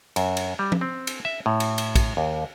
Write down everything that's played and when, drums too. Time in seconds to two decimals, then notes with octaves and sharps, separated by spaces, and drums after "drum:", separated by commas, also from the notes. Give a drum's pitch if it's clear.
0.16 F#2, drum: cymbal
0.37 drum: cymbal
0.59 G3
0.72 drum: tom
0.81 C4
1.07 drum: cymbal
1.25 E5
1.46 A2
1.60 drum: cymbal
1.78 drum: cymbal
1.96 drum: kick, cymbal
2.17 D#2